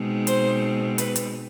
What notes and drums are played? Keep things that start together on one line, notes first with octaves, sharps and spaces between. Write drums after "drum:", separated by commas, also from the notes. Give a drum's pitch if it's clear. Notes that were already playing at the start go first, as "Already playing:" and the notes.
Already playing: B2 G#3 C4 D#4
C5, drum: hi-hat
B4, drum: hi-hat
drum: hi-hat